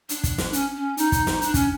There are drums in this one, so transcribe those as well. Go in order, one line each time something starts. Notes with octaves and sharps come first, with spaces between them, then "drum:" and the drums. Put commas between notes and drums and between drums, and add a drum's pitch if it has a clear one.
D4, drum: hi-hat
drum: kick, hi-hat
drum: snare
C#4, drum: hi-hat
C#4
D#4, drum: hi-hat
drum: kick, hi-hat
drum: snare
D4, drum: hi-hat
C#4, drum: kick, hi-hat